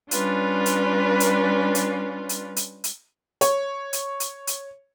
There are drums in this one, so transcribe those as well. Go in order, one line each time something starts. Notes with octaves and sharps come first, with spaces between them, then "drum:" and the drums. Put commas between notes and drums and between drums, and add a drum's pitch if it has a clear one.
G3 C#4 D4 F4 B4, drum: hi-hat
drum: hi-hat
drum: hi-hat
drum: hi-hat
drum: hi-hat
drum: hi-hat
drum: hi-hat
C#5, drum: hi-hat
drum: hi-hat
drum: hi-hat
drum: hi-hat